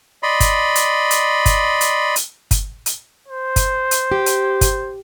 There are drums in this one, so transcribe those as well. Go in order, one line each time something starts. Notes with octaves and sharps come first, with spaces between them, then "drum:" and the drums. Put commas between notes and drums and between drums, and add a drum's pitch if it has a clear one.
D5 D#5 B5 C6
drum: kick G1, hi-hat
drum: hi-hat
drum: hi-hat
drum: kick G1, hi-hat
drum: hi-hat
drum: hi-hat
drum: kick G1, hi-hat
drum: hi-hat
C5
drum: kick G1, hi-hat
drum: hi-hat
G4
drum: hi-hat
drum: kick G1, hi-hat